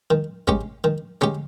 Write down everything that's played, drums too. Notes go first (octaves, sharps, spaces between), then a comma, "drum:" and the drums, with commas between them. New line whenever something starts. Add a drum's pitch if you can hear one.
D#3
G#3 C#4 G4, drum: kick
D#3
G#3 C#4 G4, drum: tom D3